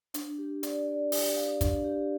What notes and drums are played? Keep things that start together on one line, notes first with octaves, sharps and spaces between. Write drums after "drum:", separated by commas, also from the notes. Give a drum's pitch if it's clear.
D4, drum: hi-hat
G4
D5, drum: hi-hat
D5
G4, drum: open hi-hat
F5
D4, drum: kick, hi-hat
G4